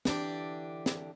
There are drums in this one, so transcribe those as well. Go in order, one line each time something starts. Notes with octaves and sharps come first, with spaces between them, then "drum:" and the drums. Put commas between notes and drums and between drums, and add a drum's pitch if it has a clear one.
D3 E3 D4 G4, drum: snare
drum: snare